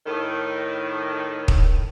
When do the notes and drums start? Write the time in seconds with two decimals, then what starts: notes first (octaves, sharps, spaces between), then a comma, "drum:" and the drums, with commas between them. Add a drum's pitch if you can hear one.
0.06 A2 D#3
1.48 drum: kick